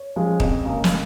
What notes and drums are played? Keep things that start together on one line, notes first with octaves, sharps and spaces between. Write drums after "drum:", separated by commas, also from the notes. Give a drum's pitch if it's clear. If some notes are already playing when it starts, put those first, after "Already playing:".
Already playing: C#5
F3 G#3 C#4
F2 D#5, drum: kick
C#3 A#3
drum: snare